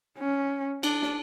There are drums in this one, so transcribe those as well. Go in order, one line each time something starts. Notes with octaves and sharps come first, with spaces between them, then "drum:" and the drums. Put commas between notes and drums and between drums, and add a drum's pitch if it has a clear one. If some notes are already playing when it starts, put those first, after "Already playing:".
C#4
D4, drum: cymbal
drum: snare